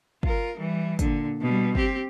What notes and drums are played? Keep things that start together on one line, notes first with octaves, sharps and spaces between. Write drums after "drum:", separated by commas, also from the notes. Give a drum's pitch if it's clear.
F4 A#4, drum: kick
E3 G3
A#2 D3, drum: kick, hi-hat
B2 G3
C4 G4, drum: kick